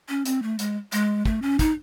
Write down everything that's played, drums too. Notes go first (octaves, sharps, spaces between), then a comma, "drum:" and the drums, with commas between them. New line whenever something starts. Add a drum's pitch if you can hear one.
C#4
C4, drum: hi-hat
A3
G#3, drum: hi-hat
G#3, drum: hi-hat
A3, drum: kick
C#4
D#4, drum: kick, hi-hat